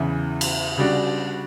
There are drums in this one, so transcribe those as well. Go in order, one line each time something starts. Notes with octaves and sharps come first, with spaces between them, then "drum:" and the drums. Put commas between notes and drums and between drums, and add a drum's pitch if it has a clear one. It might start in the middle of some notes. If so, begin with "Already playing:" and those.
Already playing: E2 C#3 E3
drum: cymbal
C#3 G3 D4 F#4